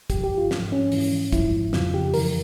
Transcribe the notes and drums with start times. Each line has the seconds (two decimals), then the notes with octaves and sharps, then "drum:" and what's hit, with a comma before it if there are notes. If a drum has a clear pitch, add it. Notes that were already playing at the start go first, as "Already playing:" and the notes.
0.10 G2 F3 G4, drum: kick, hi-hat
0.24 G4
0.38 F4
0.51 G#2 F3, drum: snare
0.72 C#4
0.92 G#2 E3, drum: open hi-hat
1.32 G#2 F3 E4, drum: kick, hi-hat
1.73 F2 C#3 F3 F4, drum: snare
1.94 G4
2.14 F2 E3 A#4, drum: open hi-hat